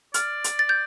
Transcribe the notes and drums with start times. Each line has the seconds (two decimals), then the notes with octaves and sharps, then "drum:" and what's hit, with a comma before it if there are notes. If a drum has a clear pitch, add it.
0.14 D5 F6, drum: hi-hat
0.44 drum: hi-hat
0.59 A6
0.69 G6